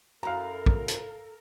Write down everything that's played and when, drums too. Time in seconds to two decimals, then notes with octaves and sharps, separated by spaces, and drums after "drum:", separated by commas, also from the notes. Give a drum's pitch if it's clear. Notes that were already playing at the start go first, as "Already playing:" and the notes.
0.23 F#2 E4 A4 A#4 F5 A#5
0.66 drum: kick
0.88 drum: hi-hat